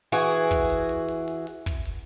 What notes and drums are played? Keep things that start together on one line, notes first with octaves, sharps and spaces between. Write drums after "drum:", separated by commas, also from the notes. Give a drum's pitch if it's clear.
E3 F#4 G#4, drum: hi-hat
drum: hi-hat
drum: kick, hi-hat
drum: hi-hat
drum: hi-hat
drum: hi-hat
drum: hi-hat
drum: hi-hat
drum: kick, hi-hat
drum: hi-hat